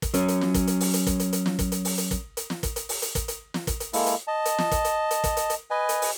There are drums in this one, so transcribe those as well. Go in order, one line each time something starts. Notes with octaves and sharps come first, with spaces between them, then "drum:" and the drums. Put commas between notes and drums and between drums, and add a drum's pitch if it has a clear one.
drum: kick, hi-hat
F#3 C#4, drum: hi-hat
drum: hi-hat
drum: snare
drum: kick, hi-hat
drum: hi-hat
drum: open hi-hat
drum: hi-hat
drum: kick, hi-hat
drum: hi-hat
drum: hi-hat
drum: snare
drum: kick, hi-hat
drum: hi-hat
drum: open hi-hat
drum: hi-hat
drum: kick, hi-hat
drum: hi-hat
drum: snare
drum: kick, hi-hat
drum: hi-hat
drum: open hi-hat
drum: hi-hat
drum: kick, hi-hat
drum: hi-hat
drum: snare
drum: kick, hi-hat
drum: hi-hat
G#3 A#3 E4 A4, drum: open hi-hat
drum: hi-hat
D#5 A5
drum: hi-hat
drum: snare
drum: kick, hi-hat
drum: hi-hat
drum: hi-hat
drum: kick, hi-hat
drum: hi-hat
drum: hi-hat
B4 D#5 G#5
drum: hi-hat
drum: open hi-hat